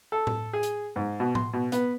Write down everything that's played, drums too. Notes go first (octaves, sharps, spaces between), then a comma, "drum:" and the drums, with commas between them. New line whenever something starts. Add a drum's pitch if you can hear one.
A4
drum: tom A2
G#4
drum: hi-hat
G#2
B2
C6, drum: tom A2
B2
B3, drum: hi-hat